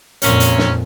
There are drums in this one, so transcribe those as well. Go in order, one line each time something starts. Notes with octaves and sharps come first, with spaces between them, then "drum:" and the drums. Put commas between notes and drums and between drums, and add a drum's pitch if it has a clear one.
F2 A#2 A#3 C4 C#4, drum: hi-hat
drum: hi-hat
drum: snare